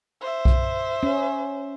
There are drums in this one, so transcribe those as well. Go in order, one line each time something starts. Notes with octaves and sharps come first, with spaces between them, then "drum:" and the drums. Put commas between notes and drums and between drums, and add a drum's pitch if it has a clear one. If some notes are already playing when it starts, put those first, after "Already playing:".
C5 E5
drum: kick B1
C#4